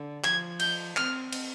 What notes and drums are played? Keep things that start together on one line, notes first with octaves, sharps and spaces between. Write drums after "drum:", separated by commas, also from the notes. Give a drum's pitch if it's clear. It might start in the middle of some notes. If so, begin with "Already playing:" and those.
Already playing: D3
F3 G#6, drum: clap
G6, drum: cymbal
C4 F6, drum: clap
drum: cymbal